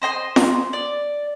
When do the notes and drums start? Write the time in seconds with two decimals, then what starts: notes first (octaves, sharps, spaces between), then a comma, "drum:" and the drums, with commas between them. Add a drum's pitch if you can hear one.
0.02 C5 D#5 G#5 C6
0.36 drum: snare F4
0.73 D5